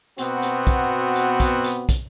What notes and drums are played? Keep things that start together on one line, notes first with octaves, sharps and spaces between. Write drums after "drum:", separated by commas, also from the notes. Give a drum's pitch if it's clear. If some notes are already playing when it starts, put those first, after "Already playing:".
B2 B3 C4 F#4, drum: hi-hat
drum: hi-hat
drum: kick, hi-hat
drum: hi-hat
drum: kick, hi-hat
drum: hi-hat
drum: kick, hi-hat